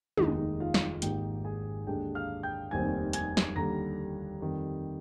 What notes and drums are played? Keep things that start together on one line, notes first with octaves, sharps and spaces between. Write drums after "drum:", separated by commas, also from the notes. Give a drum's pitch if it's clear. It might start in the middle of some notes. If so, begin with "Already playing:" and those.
F1 D#2 D#3 G#3 D#4 D#5, drum: tom
F4 F5
drum: snare
G#1 G#2 D#3 A#3 D#4 G4 G5, drum: hi-hat
G#4 G#5
D#2 D3 G#3 D4 G4 G5
F5 F6
G5 G6
F1 D#2 D#3 G3 C4 G#5 G#6
G#5 G#6, drum: hi-hat
drum: snare
D#2 D3 G3 A#5 A#6
F2 D#3 G3